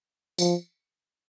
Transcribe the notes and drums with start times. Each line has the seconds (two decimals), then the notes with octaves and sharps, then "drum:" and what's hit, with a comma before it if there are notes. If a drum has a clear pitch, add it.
0.38 F3, drum: tambourine